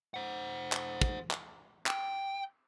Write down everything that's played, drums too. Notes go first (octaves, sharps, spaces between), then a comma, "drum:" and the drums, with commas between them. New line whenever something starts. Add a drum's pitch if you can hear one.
C5 F#5
drum: clap
drum: kick
drum: clap
G5, drum: clap